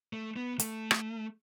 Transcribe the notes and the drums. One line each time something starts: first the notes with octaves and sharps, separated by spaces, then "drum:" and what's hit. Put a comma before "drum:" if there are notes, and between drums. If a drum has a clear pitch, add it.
A3
B3
A3, drum: hi-hat
drum: rim click